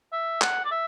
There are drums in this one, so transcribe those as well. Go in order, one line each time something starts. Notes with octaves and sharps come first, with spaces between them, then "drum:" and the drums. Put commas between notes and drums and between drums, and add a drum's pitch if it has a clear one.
E5
F#5, drum: clap
D5
E5